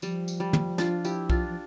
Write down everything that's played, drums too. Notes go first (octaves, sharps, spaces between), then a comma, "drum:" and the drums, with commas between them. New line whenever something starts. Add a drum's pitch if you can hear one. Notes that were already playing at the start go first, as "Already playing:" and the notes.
F3 G3, drum: tambourine
drum: tambourine
G3
drum: tom
D4 F4, drum: snare
E4 G4, drum: tambourine
D4 F4, drum: kick B1
F3